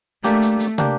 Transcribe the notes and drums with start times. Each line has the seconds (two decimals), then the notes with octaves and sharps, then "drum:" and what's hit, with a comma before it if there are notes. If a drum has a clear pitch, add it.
0.24 A3 A#3 D4 G4, drum: hi-hat
0.42 drum: hi-hat
0.60 drum: hi-hat
0.78 A#3 D4 G4, drum: tom